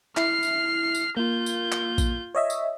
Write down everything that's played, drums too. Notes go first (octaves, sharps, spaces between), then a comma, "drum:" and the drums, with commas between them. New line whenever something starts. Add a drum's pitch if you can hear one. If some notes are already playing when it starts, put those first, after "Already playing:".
E4 F6 C7, drum: clap
drum: tambourine
drum: tambourine
A#3 F4 G6
drum: tambourine
drum: clap
drum: kick A#1, tambourine
C#5 D#5 E5
drum: tambourine